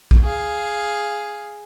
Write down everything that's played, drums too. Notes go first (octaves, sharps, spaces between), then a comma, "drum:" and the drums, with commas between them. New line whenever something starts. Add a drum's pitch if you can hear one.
drum: kick A#1
G#4 F5